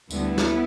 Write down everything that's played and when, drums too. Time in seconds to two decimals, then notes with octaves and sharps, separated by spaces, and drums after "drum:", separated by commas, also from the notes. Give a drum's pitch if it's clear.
0.11 D2 D3 G3 B3 E4, drum: tambourine
0.38 drum: snare